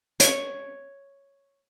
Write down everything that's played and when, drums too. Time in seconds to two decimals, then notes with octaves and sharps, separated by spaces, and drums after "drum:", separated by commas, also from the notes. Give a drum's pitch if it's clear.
0.20 C#5 C#6, drum: hi-hat